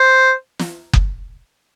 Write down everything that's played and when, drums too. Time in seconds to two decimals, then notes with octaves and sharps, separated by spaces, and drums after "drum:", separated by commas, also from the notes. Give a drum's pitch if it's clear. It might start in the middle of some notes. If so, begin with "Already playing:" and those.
Already playing: C5
0.59 drum: snare
0.93 drum: kick F#1